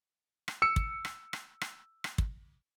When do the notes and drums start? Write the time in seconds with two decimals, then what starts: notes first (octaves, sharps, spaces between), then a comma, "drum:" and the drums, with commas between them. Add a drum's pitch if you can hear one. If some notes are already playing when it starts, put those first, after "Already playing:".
0.48 drum: rim click
0.62 E6 C#7
0.76 drum: kick
1.05 drum: rim click
1.33 drum: rim click
1.61 drum: rim click
2.04 drum: rim click
2.18 drum: kick